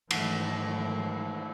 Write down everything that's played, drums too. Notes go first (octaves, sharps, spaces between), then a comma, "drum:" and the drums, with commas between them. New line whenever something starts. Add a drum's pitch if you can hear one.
G#2 D#3 E3 F#3 A3, drum: cymbal